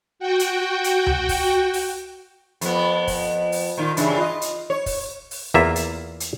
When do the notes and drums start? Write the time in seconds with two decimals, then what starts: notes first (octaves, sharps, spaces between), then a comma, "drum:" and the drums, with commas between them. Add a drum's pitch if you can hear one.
0.19 F#4 G5
0.39 drum: hi-hat
0.84 drum: hi-hat
1.06 drum: tom C#2
1.29 drum: kick, open hi-hat
1.73 drum: open hi-hat
2.61 F2 B3, drum: hi-hat
3.08 drum: kick, open hi-hat
3.52 drum: open hi-hat
3.77 A#2 D#3 F4
3.97 G2 C#3 E3, drum: hi-hat
4.17 F4 D#5
4.42 drum: hi-hat
4.70 C#5
4.86 drum: kick, open hi-hat
5.31 drum: open hi-hat
5.54 E2 A#3 F4 E5
5.76 drum: hi-hat
6.20 drum: hi-hat